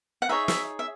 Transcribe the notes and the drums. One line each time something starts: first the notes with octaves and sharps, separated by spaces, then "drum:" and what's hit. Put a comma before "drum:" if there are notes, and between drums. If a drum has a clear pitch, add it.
F#5
D#4 G#4 C#5 E5
E5, drum: snare
E5